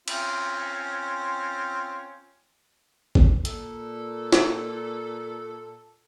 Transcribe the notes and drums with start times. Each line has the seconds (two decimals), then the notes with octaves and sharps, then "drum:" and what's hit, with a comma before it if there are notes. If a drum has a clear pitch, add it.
0.08 C4 C#4 F4, drum: cymbal
3.15 drum: kick G#1
3.45 A#2 A4, drum: hi-hat
4.33 drum: snare